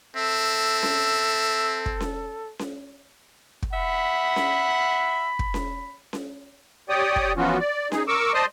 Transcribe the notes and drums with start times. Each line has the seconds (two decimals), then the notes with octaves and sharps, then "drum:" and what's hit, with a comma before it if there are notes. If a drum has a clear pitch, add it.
0.16 C4 A4 E5
0.83 drum: snare C#4
1.86 drum: kick
2.00 drum: snare C#4
2.59 drum: snare C#4
3.62 drum: kick
3.73 E5 F#5 B5
4.36 drum: snare C#4
5.39 drum: kick
5.54 drum: snare C#4
6.13 drum: snare C#4
6.89 G4 C#5 D5 G5 D#6
7.16 drum: kick
7.37 E3 F3 B3 C#4 F4 F#4
7.60 D5
7.92 D#4 G#4, drum: snare C#4
8.08 A#4 C#6 D6 E6
8.34 C5 D5 D#5 A5 C6 D#6